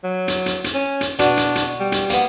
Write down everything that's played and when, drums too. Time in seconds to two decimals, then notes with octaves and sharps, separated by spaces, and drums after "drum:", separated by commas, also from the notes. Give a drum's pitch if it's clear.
0.04 F#3
0.28 drum: hi-hat
0.46 drum: hi-hat
0.64 drum: hi-hat
0.74 C#4
1.01 drum: hi-hat
1.19 B2 D4, drum: hi-hat
1.37 drum: hi-hat
1.55 drum: hi-hat
1.80 G3
1.92 drum: hi-hat
2.10 A#3 B3, drum: hi-hat